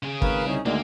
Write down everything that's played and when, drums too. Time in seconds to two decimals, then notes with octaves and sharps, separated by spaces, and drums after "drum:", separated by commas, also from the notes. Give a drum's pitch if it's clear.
0.03 C#3 G#4
0.22 G#1 A#4 B4 F5, drum: kick
0.45 C2 C#4 D#4
0.66 D2 D#3 G#3 A#3